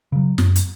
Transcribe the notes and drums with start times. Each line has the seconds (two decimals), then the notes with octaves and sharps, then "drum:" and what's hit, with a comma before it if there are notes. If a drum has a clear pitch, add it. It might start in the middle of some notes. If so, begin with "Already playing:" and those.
0.12 C#3 F#3
0.38 F#2, drum: snare
0.56 drum: hi-hat